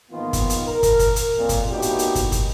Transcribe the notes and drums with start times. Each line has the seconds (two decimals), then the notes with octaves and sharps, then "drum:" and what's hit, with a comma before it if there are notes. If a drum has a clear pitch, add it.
0.11 G#2 D#3 F3 A#3 B3 F4
0.33 drum: kick, hi-hat
0.50 drum: hi-hat
0.66 A#4
0.83 drum: kick, hi-hat
0.99 drum: kick, hi-hat
1.16 drum: hi-hat
1.37 F2 A#2
1.49 drum: kick, hi-hat
1.72 A2 A#3 B3 D#4 F#4 G4
1.82 drum: hi-hat
1.99 drum: hi-hat
2.15 drum: kick, hi-hat
2.32 drum: kick, hi-hat